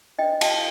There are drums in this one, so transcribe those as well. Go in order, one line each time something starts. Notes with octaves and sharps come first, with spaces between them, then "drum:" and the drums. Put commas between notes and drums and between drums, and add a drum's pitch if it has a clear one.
D4 A4 C5 D#5 G5
F5 A5, drum: cymbal